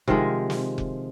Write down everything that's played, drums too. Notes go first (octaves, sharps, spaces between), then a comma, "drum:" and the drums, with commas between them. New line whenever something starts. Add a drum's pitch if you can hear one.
C3 D#3 F3 G#3, drum: kick F1
drum: snare
drum: kick F1